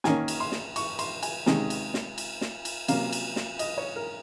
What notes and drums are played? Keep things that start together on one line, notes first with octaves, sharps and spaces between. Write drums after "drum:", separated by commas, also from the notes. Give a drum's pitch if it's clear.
D#3 A#3 C#4 G#5, drum: snare
drum: cymbal
C6
drum: snare
C#6, drum: cymbal
C6, drum: cymbal
G#5, drum: cymbal
C3 D#3 G#3 C#4 G#5, drum: snare
drum: cymbal
drum: snare
drum: cymbal
drum: snare
drum: cymbal
C3 F#3 A#3 C#4 F5, drum: cymbal
drum: cymbal
drum: snare
D#5, drum: cymbal
C#5
A#4